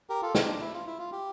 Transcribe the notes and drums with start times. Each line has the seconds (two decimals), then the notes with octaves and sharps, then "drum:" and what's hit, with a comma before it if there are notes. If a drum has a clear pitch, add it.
0.10 G4 A#4
0.22 F4 A4
0.35 C4, drum: snare
0.48 D4
0.61 E4
0.74 F4
0.86 E4
0.99 F4
1.12 G4